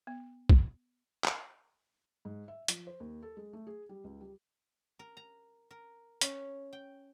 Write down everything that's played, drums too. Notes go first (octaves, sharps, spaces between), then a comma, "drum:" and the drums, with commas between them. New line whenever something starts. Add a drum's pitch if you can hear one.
B3
drum: kick
drum: clap
G#2
E5
F3, drum: hi-hat
C5
D#2
A4
G#3
A3
G#4
G3
C#2
G3
A#4
A#5
A#4
C#4, drum: hi-hat
G5